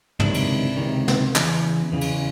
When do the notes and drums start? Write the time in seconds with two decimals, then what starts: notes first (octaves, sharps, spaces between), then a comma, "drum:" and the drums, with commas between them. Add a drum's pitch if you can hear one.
0.20 C#2 C3 D#3 D4 E4, drum: tom
0.34 drum: cymbal
0.77 C#2 C3 D#3
1.08 drum: snare
1.35 E2 C#3 E3, drum: clap
1.92 E2 C#3 E3
2.01 drum: cymbal